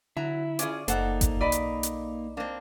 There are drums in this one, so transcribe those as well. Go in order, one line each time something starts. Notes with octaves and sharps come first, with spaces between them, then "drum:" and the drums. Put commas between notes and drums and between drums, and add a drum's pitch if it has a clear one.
D3 F#3 E4 A#5
C#4 F4 G#4 D5, drum: hi-hat
F#1 A#3 D#4 A4 C5 F#5, drum: hi-hat
drum: kick G1, hi-hat
B1 D5 D#5 B5
drum: hi-hat
drum: hi-hat
A#3 C4 D4